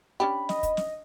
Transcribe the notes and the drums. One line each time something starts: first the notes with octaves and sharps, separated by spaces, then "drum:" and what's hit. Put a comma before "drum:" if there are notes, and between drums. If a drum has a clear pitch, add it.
C#4 D4 G4 B5
D#5, drum: snare
drum: kick, hi-hat
drum: snare